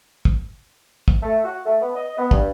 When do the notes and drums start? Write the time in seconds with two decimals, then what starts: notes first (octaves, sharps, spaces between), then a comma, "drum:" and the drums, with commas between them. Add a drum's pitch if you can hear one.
0.25 drum: kick
1.08 drum: kick
1.23 A3
1.45 F#4
1.65 A3
1.81 B3
1.95 D#5
2.18 B3
2.31 G2, drum: kick